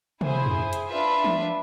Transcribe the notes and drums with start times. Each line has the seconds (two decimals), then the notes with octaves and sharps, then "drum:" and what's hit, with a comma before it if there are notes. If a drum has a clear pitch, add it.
0.21 E4 G#4 C5 G#5, drum: tom C3
0.46 drum: tom F2
0.73 drum: hi-hat
0.88 D4 F4 B4 E5
1.24 drum: tom E3